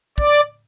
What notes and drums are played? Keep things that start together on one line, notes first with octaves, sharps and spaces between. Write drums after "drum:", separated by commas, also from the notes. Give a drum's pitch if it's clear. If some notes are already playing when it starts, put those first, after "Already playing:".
D5, drum: kick